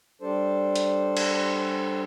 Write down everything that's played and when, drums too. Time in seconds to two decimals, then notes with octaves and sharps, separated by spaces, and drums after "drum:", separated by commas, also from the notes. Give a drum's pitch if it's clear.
0.22 G3 D4 A4 C5
0.76 drum: hi-hat
1.17 drum: cymbal